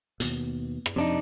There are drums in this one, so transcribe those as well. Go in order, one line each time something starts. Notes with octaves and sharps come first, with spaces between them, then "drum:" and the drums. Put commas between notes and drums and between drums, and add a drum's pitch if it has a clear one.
D#2 B2, drum: hi-hat
drum: rim click
F2 C3 D4 D#4